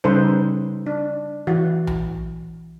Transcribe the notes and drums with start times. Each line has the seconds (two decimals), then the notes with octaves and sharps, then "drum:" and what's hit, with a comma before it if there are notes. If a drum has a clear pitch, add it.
0.04 C#3 G3 D#4 A4 B4 C5
0.86 D4
1.47 E3 F#4
1.87 drum: tom B1